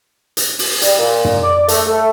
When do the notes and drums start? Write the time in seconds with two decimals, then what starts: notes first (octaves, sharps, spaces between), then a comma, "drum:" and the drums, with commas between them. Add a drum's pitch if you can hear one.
0.37 drum: hi-hat
0.59 drum: open hi-hat
0.82 G3, drum: hi-hat
0.98 A#2
1.25 drum: tom
1.43 D5
1.68 A3, drum: hi-hat
1.87 A3